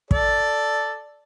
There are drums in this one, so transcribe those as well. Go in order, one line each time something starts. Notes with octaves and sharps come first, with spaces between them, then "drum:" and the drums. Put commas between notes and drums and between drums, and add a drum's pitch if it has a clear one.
A4 D5, drum: kick